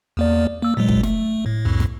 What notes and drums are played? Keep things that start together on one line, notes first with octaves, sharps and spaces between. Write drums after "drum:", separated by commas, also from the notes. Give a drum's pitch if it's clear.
E2 A#3 D5
A#3 E6
A#2 F#3 G#3
drum: kick
A3, drum: snare
A2
C2 F2 A2
drum: snare